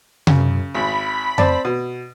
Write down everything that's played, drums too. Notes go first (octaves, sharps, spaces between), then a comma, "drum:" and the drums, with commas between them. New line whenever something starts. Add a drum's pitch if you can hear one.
F#2 C#3, drum: tom C3
G#1 B5 B6
C4 D5 A5, drum: tom F2
B2